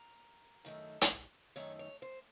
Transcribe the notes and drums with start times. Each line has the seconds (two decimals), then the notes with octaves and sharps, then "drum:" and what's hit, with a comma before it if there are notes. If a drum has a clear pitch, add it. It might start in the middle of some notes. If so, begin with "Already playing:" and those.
Already playing: A#4
0.65 F#2 D#3 A3
1.01 drum: hi-hat
1.56 F#2 D#3 A3 C#5
1.79 C#5
2.02 C5